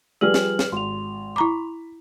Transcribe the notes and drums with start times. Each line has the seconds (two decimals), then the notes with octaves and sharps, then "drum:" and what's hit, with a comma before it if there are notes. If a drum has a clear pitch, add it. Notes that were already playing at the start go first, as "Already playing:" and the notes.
0.21 F3 G3 G4 G#4 B4 D5 F6 F#7
0.34 drum: snare
0.59 drum: snare
0.72 G#1 C6 F7
1.36 E4 A#5 B5 D6